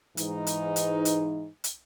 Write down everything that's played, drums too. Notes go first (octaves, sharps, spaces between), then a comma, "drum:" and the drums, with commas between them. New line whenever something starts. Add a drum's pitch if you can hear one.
G#2 E3 D#4, drum: hi-hat
drum: hi-hat
drum: hi-hat
drum: hi-hat
drum: hi-hat